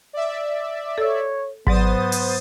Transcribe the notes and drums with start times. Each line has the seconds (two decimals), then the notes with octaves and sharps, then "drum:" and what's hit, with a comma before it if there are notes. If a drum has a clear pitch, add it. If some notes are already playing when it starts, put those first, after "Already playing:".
0.13 D5 E5
0.98 A4 C#5 E6
1.67 G#2 F#3 B3 C5 D5 D#6 A6, drum: kick G#1
2.12 drum: open hi-hat